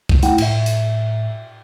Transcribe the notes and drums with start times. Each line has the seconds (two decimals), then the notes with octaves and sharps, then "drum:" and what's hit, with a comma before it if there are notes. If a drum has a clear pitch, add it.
0.09 drum: kick
0.23 A3 E4 F#5 G5, drum: hi-hat
0.38 A2 E5, drum: cymbal
0.66 drum: hi-hat